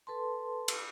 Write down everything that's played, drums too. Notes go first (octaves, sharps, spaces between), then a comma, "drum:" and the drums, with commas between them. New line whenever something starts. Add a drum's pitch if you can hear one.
A4 B4 A5 C6
drum: cymbal